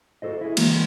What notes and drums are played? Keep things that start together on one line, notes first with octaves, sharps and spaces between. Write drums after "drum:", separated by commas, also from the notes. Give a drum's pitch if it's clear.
F#4 G#4 A4 C5 D#5
E4 G#4
E3 G#3 A#3 F#4, drum: cymbal